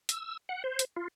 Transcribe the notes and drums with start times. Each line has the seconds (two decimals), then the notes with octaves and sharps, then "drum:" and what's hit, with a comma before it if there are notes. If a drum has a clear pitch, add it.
0.09 E6, drum: hi-hat
0.49 F#5
0.64 C5
0.79 drum: hi-hat
0.96 F4